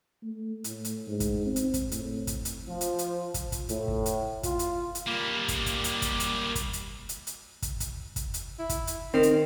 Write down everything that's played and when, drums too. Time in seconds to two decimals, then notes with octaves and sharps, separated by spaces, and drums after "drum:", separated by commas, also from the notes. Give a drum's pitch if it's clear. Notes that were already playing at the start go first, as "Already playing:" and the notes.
0.22 A3
0.64 A2, drum: hi-hat
0.85 drum: hi-hat
1.07 G#2
1.20 drum: kick, hi-hat
1.46 C4
1.56 drum: hi-hat
1.74 drum: kick, hi-hat
1.92 A2, drum: hi-hat
2.27 drum: kick, hi-hat
2.45 drum: hi-hat
2.68 F3
2.81 drum: hi-hat
2.99 drum: hi-hat
3.34 drum: kick, hi-hat
3.52 drum: kick, hi-hat
3.69 A2, drum: hi-hat
3.88 drum: kick
4.06 drum: hi-hat
4.43 F4, drum: kick, hi-hat
4.59 drum: hi-hat
4.95 drum: hi-hat
5.07 G3 A#3
5.48 drum: kick, hi-hat
5.66 drum: kick, hi-hat
5.84 drum: hi-hat
6.02 drum: kick, hi-hat
6.20 drum: hi-hat
6.55 drum: kick, hi-hat
6.73 drum: hi-hat
7.09 drum: hi-hat
7.27 drum: hi-hat
7.62 drum: kick, hi-hat
7.80 drum: kick, hi-hat
8.16 drum: kick, hi-hat
8.34 drum: hi-hat
8.59 E4
8.69 drum: kick, hi-hat
8.87 drum: hi-hat
9.14 D#3 C4
9.23 drum: hi-hat